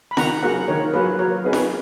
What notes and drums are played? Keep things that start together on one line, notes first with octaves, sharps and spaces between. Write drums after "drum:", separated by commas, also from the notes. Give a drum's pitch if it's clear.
B5
D#3 F#5 A#5, drum: snare F4
F#3 A#3 F4 G#4 F#5 A#5
D#3 A#4 C#5
F#3 A#3 F4 G#4 B4
F#3 A#4 C#5
B3 D#4 G#4 B4
drum: snare F4